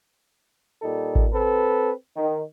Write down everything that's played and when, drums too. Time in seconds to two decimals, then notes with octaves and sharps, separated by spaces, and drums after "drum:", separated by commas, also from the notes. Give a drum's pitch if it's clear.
0.82 A#2 G3 D#4 A4
1.15 drum: kick G#1
1.32 C4 A4 B4
2.17 D#3